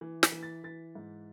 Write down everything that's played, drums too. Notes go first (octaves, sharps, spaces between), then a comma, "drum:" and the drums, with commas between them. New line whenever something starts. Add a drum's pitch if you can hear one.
E3
B6, drum: snare
E3
A6
E3 A6
G#2